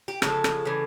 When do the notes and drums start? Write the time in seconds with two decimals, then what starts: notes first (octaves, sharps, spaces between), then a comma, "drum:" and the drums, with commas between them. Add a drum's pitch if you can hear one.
0.08 G4
0.22 C#3 F3 G#3 A4, drum: rim click
0.44 drum: rim click
0.65 C#3 E3 G3